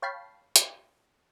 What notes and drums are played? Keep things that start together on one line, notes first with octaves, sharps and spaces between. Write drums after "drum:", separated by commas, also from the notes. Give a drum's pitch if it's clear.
C#5 F5 G5 A5 B5 C7
drum: hi-hat